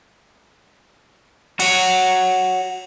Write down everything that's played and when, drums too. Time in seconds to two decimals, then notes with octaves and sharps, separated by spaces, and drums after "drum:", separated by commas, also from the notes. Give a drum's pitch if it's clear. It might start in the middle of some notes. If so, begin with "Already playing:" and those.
1.60 F#4 C#5, drum: cymbal